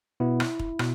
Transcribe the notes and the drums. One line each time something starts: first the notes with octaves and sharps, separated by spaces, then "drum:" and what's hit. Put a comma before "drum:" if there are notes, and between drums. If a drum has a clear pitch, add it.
B2 B3 E4
drum: rim click
drum: kick
B2, drum: rim click